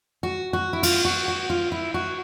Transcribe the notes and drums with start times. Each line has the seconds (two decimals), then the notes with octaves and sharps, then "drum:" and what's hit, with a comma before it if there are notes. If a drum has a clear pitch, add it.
0.23 F#4
0.53 F#4
0.73 E4
0.83 F4, drum: cymbal
1.05 F#4
1.28 F#4
1.50 F4
1.72 E4
1.94 F#4